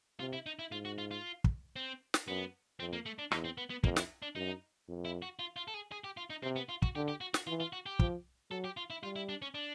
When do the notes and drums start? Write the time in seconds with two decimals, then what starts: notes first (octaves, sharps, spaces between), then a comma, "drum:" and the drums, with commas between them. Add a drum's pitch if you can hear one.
0.20 C3 F4
0.33 E4
0.46 D#4
0.59 E4
0.71 G#2 F4
0.85 F#4
0.98 F4
1.11 F4
1.44 drum: kick
1.76 C4
2.14 drum: snare
2.28 F#2 B3
2.80 F2 C4
2.93 A#3
3.06 A3
3.19 D4
3.32 E2 D#4, drum: rim click
3.44 C4
3.58 B3
3.70 B3
3.84 F2 A#3, drum: kick
3.96 E4, drum: snare
4.22 D4
4.35 F#2 D#4
4.88 F2
5.05 E4
5.22 F#4
5.39 F4
5.56 F4
5.68 A4
5.74 G#4
5.92 G#4
6.04 G4
6.17 F4
6.30 D#4
6.43 C3 C4
6.56 B3
6.69 F4
6.82 F#4, drum: kick
6.95 D3 G4
7.08 G4
7.21 F#4
7.34 F#4, drum: snare
7.47 E3 F4
7.60 F4
7.73 F#4
7.86 G4
7.99 F3, drum: kick
8.51 F#3 A4
8.64 G4
8.77 F4
8.90 E4
9.03 G3 F4
9.16 E4
9.29 D4
9.42 C#4
9.54 D4